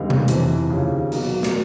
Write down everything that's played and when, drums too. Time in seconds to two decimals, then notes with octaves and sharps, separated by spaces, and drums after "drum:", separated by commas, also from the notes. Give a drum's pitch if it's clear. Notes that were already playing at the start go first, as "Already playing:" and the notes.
Already playing: D#2 D3 G3 B3 D#5 F5
0.10 drum: tom B2
0.28 F2 C3 E3, drum: hi-hat
0.70 D#2 C#3 F3
1.12 B2 F#3 A#3, drum: open hi-hat
1.43 drum: snare